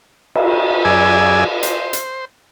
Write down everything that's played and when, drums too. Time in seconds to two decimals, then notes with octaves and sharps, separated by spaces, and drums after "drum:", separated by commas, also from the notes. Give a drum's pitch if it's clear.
0.35 drum: cymbal
0.85 F#2 G#4 D5 G#5 E6
1.63 C5, drum: hi-hat
1.93 drum: hi-hat